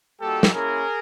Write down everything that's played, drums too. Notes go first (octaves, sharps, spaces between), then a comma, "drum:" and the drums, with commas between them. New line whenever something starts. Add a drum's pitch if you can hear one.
G3 A#3 D#4 F#4 G4 A4
drum: snare
A#3 C#4 E4 G#4 A#4